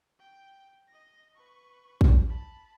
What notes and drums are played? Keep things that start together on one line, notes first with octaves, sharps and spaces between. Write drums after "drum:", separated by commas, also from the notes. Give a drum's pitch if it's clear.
G5
D#5 A#6
B4 C#6
drum: kick
A5 B5